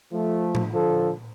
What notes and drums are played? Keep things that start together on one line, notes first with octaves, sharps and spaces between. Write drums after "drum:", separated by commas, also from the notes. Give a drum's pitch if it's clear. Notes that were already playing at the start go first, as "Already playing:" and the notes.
F3 A3
drum: tom A2
D3 F3 A4